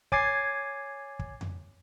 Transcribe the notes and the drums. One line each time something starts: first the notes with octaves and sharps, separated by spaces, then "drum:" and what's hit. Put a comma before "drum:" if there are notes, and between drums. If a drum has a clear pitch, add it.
C#5 G#5 D6 G#6 A6 C7, drum: kick
drum: kick
drum: tom F2